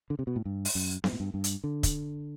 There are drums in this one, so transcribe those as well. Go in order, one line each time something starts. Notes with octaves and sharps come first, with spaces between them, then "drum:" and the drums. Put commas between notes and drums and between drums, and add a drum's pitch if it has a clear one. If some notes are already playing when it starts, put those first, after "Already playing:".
D3
C3
B2
A2
G2
drum: open hi-hat
F#2
G2, drum: snare B3
A2
G2
G2
drum: hi-hat
D3
drum: kick, hi-hat